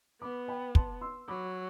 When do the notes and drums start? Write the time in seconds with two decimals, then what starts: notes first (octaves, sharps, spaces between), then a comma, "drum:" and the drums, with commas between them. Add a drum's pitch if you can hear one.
0.21 B3 B5 D6
0.48 G5 B5
0.75 A5 C6, drum: kick
1.01 C6 E6
1.28 F#3 B5 D6